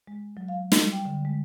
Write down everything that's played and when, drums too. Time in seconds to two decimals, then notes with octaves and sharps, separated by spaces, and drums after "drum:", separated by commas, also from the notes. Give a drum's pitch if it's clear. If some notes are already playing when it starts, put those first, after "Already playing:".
0.07 G#3
0.37 F#3
0.48 F5
0.72 G3, drum: snare
0.92 G5
1.05 D3
1.25 G#3